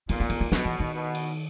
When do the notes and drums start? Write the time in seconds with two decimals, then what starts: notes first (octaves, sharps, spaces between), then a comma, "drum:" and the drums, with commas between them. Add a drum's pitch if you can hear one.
0.09 A#2 B3, drum: cymbal
0.20 A#3
0.30 B3, drum: cymbal
0.41 A#3
0.52 B2 B3, drum: snare
0.65 E3
0.80 D#3
0.94 B2
1.15 drum: cymbal